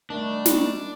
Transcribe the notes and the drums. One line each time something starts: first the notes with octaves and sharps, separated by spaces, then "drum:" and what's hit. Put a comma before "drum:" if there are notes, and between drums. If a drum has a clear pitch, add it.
D#3 G3 A3 D4
drum: snare